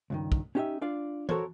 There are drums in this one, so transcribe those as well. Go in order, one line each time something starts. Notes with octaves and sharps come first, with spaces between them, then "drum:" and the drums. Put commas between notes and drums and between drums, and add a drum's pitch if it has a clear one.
C#2 G2 D#3
drum: kick
C#4 D#4 G4 B4 D#5 E5
D4 F4 D5 F5
F#4 A4 A#4 C5 C#5, drum: tom E3